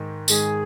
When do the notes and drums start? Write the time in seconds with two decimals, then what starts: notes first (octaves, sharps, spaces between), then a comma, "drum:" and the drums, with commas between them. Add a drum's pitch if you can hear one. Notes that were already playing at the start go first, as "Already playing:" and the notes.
Already playing: G#2 D#3 G#3
0.28 G#2 D#3 G#3 G#4, drum: tambourine